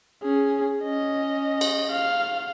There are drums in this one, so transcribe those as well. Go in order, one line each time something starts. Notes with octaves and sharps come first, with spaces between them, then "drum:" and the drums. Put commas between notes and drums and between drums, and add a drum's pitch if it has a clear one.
C#4 G#4
C#4 D#5
drum: cymbal
F5